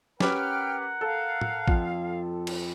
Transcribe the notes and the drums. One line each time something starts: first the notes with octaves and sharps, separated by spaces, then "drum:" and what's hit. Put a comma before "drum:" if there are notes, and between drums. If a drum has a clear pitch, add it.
C#4 G4 A#4 B4 F#5 G5 F6, drum: snare
A4 F5
drum: tom
F2, drum: kick
drum: cymbal